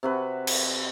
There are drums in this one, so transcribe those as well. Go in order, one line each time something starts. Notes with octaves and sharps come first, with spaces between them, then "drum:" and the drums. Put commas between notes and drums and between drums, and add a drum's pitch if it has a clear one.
C3 F#4 B4
drum: cymbal